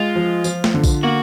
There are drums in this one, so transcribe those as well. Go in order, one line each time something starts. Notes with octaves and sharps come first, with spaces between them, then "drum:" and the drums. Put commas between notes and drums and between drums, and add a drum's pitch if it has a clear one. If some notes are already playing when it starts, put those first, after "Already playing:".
Already playing: G#3 F4
F3
F3, drum: tambourine
drum: snare A3
D3
drum: kick, tambourine
A#3 F#4